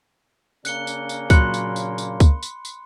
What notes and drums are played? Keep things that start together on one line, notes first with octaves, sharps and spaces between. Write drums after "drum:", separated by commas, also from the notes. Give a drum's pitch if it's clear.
C#3 A#3 D4 F#6 C#7 G7, drum: tambourine
drum: tambourine
drum: tambourine
A#2 F#3 B5 C6 F#6 C#7, drum: kick C#2, tambourine
drum: tambourine
drum: tambourine
drum: tambourine
drum: kick C#2, tambourine
drum: tambourine
drum: tambourine